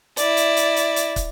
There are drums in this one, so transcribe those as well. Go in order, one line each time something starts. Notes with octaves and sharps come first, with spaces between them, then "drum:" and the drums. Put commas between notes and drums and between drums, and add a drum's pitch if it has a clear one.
E4 D5, drum: hi-hat
drum: hi-hat
drum: hi-hat
drum: hi-hat
drum: hi-hat
drum: kick, hi-hat